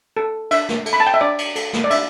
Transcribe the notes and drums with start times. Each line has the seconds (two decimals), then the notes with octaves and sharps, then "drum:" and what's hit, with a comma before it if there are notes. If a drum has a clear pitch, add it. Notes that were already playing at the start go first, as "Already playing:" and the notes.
0.17 A4
0.51 D4 E5, drum: cymbal
0.69 drum: snare
0.86 A4, drum: cymbal
0.93 B5
1.00 A5
1.07 G5
1.14 E5
1.21 D4 D5
1.38 drum: cymbal
1.56 A4, drum: cymbal
1.73 drum: snare
1.84 D5
1.90 D4 E5, drum: cymbal